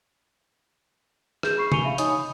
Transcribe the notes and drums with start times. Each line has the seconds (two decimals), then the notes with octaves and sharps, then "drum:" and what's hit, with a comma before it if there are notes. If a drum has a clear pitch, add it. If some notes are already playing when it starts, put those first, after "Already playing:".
1.43 G#4 G6 E7, drum: rim click
1.58 B5 C#6 C7
1.72 G#5 C#6 C#7 D#7 F7 G7, drum: tom C3
1.84 E5 F5 B5
1.98 D#4 C#5 D#5 G#5 D#6, drum: hi-hat
2.19 B5